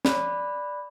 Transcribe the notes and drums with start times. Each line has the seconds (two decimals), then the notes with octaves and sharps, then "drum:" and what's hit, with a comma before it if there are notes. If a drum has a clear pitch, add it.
0.05 D5 B5 F#6, drum: snare